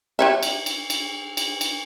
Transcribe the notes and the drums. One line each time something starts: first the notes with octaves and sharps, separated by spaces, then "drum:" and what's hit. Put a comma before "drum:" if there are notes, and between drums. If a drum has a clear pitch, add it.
G4 C#5 E5
drum: cymbal
drum: cymbal
drum: cymbal
drum: cymbal
drum: cymbal